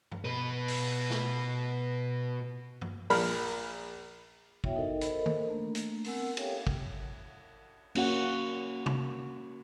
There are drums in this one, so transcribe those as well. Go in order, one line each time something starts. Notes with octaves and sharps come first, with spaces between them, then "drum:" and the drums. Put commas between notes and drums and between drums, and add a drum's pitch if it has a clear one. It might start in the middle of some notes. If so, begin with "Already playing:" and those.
drum: tom
B2 B4
drum: open hi-hat
drum: snare
drum: tom
A#1 A#4 B5, drum: open hi-hat
B3 E4 F#4 C#5 E5 G5, drum: kick
D#4 A4 A#4 D#5
A4 A#4 C5 D#5 B5, drum: hi-hat
drum: tom D#3
A3 A#3 D4
drum: hi-hat
B3 C4 A#4 F#5 G#5 E6, drum: open hi-hat
G4 A4 C#5 F5 G5, drum: cymbal
drum: kick
A#3 C#4 F#4 F#5, drum: cymbal
drum: tom C3